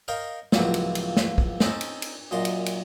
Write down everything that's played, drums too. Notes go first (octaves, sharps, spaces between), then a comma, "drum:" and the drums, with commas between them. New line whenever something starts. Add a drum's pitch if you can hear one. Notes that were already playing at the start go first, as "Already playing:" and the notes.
A#4 C#5 D#5 F5 G5
C#2 A2 F3 F#3 A#3 C4, drum: snare
drum: cymbal
drum: cymbal
drum: snare
drum: kick
C4 C#4 D#4 A4, drum: snare
drum: cymbal
drum: cymbal
F#2 A#2 D#5 C6
drum: cymbal
drum: cymbal